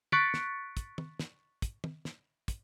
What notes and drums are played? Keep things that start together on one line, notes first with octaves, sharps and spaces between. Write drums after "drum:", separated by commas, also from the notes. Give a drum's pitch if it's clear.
C#6 F#6 A6 B6 C#7 D7, drum: tom
drum: snare
drum: kick, hi-hat
drum: tom
drum: snare
drum: kick, hi-hat
drum: tom
drum: snare
drum: kick, hi-hat